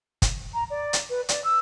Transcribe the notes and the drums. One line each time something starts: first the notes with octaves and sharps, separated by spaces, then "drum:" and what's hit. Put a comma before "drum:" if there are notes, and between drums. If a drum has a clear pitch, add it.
drum: kick, hi-hat
A#5
D5
drum: hi-hat
B4
D5, drum: hi-hat
E6